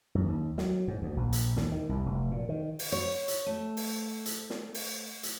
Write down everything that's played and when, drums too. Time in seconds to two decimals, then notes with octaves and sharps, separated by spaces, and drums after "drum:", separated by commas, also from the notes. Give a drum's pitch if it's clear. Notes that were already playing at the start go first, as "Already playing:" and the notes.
0.15 F#2
0.26 D#2
0.58 F#3, drum: snare
0.88 G#2
1.02 D2
1.17 A#1
1.33 drum: hi-hat
1.56 D#2, drum: snare
1.72 D#3
1.89 C2
2.06 F1
2.31 A#2
2.49 D#3
2.79 drum: open hi-hat
2.92 C#5
3.28 drum: hi-hat
3.46 A3
3.77 drum: open hi-hat
4.26 drum: hi-hat
4.50 drum: snare
4.74 drum: open hi-hat
5.23 drum: hi-hat